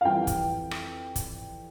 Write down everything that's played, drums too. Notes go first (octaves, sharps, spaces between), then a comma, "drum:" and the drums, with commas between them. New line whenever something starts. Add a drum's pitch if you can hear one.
F5
F2 E3 G3 G5
drum: kick, hi-hat
drum: rim click
drum: kick, hi-hat